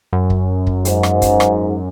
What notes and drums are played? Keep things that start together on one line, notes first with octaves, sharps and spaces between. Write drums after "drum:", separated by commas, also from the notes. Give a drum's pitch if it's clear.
F#2
drum: kick
drum: kick
G#2, drum: hi-hat
drum: rim click
drum: kick, hi-hat
drum: rim click